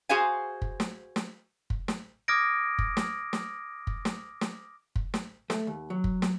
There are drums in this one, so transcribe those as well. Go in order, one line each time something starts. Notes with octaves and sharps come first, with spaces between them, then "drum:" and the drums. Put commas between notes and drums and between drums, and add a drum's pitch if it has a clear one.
F#4 G#4 C5 F5 G#5
drum: kick
drum: snare
drum: snare
drum: kick
drum: snare
D6 D#6 F6 G#6 A#6 D7
drum: kick
drum: snare
drum: snare
drum: kick
drum: snare
drum: snare
drum: kick
drum: snare
A3, drum: snare
D#2
F#3
drum: kick
drum: snare